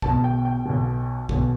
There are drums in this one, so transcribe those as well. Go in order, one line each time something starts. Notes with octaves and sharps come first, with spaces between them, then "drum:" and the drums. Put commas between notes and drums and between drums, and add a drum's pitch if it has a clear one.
B1 B2 A5, drum: kick
G5
G5
B1 B2
B1 B2, drum: kick